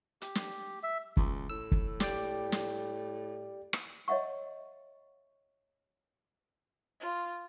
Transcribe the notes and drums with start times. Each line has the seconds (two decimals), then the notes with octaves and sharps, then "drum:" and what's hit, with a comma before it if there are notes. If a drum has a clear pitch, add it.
0.22 G4, drum: hi-hat
0.35 drum: snare
0.83 E5
1.17 C#2, drum: kick
1.50 A2 E6
1.72 drum: kick
2.00 G4 D5 G5, drum: snare
2.52 drum: snare
3.73 drum: rim click
4.08 C#5 D#5 E5 F#5 C#6
6.99 F4